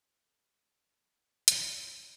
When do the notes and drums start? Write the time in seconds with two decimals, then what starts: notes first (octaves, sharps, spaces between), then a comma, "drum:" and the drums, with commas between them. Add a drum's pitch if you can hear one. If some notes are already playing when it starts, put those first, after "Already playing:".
0.21 A4 D#5
1.48 F#4 G#4 A#4 D#5, drum: hi-hat